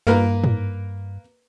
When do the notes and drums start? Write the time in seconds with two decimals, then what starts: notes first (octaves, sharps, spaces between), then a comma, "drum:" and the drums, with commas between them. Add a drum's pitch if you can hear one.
0.07 G2 A#3 A#4 B4
0.44 drum: tom G#2